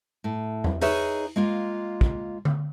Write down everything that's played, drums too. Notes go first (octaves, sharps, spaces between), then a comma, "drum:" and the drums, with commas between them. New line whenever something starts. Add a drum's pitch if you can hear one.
A2
drum: tom E2
D#4 G#4 B4 C#5 D#5 E5, drum: open hi-hat
G#3 A#3 F4
drum: kick
drum: tom D3